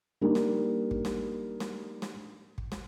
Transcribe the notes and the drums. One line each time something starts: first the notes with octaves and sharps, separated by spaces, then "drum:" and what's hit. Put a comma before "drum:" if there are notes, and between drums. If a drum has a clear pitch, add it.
G3 A#3 D4 D#4
drum: snare
drum: kick
drum: snare
drum: snare
drum: snare
drum: kick
drum: snare